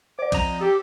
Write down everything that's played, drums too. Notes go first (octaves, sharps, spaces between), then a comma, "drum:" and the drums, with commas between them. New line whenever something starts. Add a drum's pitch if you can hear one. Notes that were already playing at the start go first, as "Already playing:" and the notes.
C5 D5 D6
F2 D#5 A#5 G6, drum: kick, cymbal
G4 A4